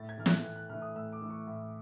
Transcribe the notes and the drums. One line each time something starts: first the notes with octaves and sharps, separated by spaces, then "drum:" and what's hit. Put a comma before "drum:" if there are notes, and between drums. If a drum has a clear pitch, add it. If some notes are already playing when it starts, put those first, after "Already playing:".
Already playing: A2 A6
G#6
E3 A3 F6
F#6, drum: snare
A2
F#6
E3 A3 F6
D#6
A2 E6
D6
E3 A3
C#6
A2